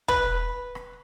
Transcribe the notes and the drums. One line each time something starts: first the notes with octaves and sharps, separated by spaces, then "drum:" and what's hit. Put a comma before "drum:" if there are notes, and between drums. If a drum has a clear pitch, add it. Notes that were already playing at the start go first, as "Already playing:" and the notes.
B4, drum: kick
drum: rim click